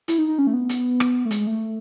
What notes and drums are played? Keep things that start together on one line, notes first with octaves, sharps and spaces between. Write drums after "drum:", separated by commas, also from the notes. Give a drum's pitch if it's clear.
E4, drum: hi-hat
D#4
D#4
C#4
A3
B3
drum: hi-hat
drum: rim click
A3
G#3, drum: hi-hat
A3